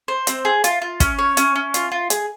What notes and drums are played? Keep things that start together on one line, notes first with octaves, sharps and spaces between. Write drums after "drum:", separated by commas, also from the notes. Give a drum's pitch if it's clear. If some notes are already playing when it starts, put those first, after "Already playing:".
C5
C4, drum: hi-hat
G#4
F4, drum: hi-hat
F4
C#4, drum: kick, hi-hat
C#5
C#4, drum: hi-hat
C#4
F4, drum: hi-hat
F4
G#4, drum: hi-hat